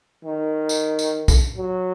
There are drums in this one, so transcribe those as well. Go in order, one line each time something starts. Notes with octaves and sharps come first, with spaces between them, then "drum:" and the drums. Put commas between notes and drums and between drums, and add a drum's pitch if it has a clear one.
D#3
drum: tambourine
drum: tambourine
drum: kick B1, tambourine
F#3